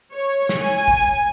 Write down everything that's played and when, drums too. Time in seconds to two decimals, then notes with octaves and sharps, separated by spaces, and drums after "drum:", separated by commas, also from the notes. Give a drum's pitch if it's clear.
0.11 C#5
0.49 drum: snare
0.61 G#5
0.88 drum: kick